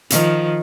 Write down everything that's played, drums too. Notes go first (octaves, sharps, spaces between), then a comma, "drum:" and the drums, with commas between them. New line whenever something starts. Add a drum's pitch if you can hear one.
D#3 F3, drum: hi-hat